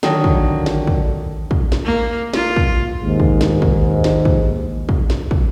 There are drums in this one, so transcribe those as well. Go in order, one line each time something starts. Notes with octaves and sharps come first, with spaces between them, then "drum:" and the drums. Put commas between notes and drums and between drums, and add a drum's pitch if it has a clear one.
D3 D#3 F#3, drum: snare
drum: kick
drum: snare
drum: kick
drum: kick
drum: snare
A#3
F4, drum: snare
drum: kick
D#2 G#2
drum: kick
drum: snare
drum: kick
drum: snare
drum: kick
drum: kick
drum: snare
drum: kick